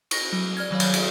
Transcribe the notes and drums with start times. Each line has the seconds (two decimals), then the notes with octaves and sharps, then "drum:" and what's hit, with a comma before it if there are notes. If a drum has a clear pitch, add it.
0.11 C#6 A#6, drum: cymbal
0.33 F#3
0.57 D5 F6 G#6
0.71 D#3 F#3 C#5 F5
0.80 drum: cymbal
0.94 drum: cymbal